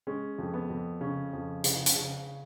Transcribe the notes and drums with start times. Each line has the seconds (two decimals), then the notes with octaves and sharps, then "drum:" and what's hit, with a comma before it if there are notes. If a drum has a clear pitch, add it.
0.07 G#3 C#4
0.38 F2
0.54 B3
0.70 F2
1.01 C#3 C#4
1.33 F2
1.64 C#3, drum: hi-hat
1.86 drum: hi-hat
1.95 C#3